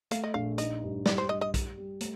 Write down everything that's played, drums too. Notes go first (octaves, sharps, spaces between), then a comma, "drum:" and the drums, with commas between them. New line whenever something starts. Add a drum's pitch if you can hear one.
A3 F5, drum: hi-hat
D#5
A#1 F5
D#4 D#5, drum: hi-hat
G2
G3 D5, drum: snare
C5
G3 D#5
D#5
G3, drum: kick, hi-hat
G3
A3, drum: hi-hat